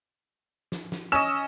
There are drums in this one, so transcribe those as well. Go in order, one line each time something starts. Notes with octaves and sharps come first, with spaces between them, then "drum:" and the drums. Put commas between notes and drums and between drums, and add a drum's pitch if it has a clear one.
drum: snare
drum: snare
C#4 D#5 E6 E7